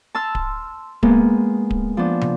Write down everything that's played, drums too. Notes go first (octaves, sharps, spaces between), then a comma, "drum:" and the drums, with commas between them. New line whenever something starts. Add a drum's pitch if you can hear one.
A5 C6 E6 F6
drum: kick D1
G#3 A#3 B3, drum: kick D1
drum: kick D1
F3 B3 D4
drum: tom